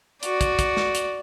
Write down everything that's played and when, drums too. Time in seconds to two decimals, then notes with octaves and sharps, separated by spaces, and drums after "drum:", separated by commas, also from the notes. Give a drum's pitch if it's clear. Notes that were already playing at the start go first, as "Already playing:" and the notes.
0.23 F#4 D5, drum: hi-hat
0.41 drum: kick, hi-hat
0.59 drum: kick, hi-hat
0.77 drum: snare
0.95 drum: hi-hat